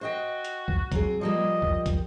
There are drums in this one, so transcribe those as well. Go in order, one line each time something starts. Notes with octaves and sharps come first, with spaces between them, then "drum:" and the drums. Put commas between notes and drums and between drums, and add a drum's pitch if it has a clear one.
F#4 C5 D#5 G5
drum: hi-hat
drum: kick
F#3 C4 G#4, drum: kick, hi-hat
F3 G3 A#3 D#5
drum: kick
drum: kick, hi-hat